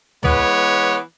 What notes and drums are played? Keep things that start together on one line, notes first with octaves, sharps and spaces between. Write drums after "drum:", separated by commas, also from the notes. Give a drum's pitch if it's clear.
E3 G#3 B3 B4 C#5, drum: tom